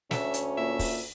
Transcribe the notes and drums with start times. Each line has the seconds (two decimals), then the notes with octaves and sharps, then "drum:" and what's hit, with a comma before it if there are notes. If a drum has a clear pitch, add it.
0.11 D2 C#4 E5, drum: snare
0.34 drum: hi-hat
0.57 A#2 E5
0.79 drum: kick, open hi-hat